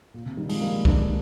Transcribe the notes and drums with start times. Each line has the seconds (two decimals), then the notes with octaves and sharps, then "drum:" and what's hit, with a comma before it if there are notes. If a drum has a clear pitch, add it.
0.14 A#2
0.26 C3
0.37 D#3 G3
0.49 F3 G#3, drum: open hi-hat
0.61 G3 A#3
0.85 A#3 D4, drum: kick C2